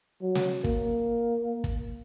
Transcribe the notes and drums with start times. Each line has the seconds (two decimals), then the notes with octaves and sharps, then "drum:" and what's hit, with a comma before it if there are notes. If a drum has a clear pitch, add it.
0.21 F#3
0.35 drum: snare
0.64 A#3, drum: kick
1.64 drum: kick